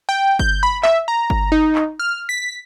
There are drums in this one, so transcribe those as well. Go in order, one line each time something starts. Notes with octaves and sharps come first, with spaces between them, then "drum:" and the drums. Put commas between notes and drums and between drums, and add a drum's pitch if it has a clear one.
G5
G6, drum: kick G1
B5
E5, drum: clap
A#5
drum: kick G1
D#4
drum: clap
F6
B6